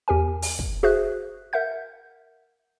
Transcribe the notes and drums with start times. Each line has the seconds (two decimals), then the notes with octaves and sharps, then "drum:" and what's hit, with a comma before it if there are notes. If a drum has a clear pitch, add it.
0.08 E2 G4 A#4 G#5
0.42 drum: open hi-hat
0.59 drum: kick
0.83 F#4 G#4 C5 E5 F#6
1.53 A#4 E5 F#5 G6